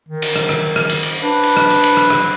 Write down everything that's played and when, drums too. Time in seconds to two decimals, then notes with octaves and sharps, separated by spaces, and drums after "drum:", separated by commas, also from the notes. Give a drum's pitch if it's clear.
0.09 D#3
0.22 drum: cymbal
0.36 drum: rim click
0.49 drum: rim click
0.76 drum: rim click
0.89 drum: cymbal
1.03 drum: cymbal
1.23 D4 B4
1.43 drum: cymbal
1.57 drum: rim click
1.70 drum: cymbal
1.84 drum: cymbal
1.97 drum: rim click
2.10 drum: rim click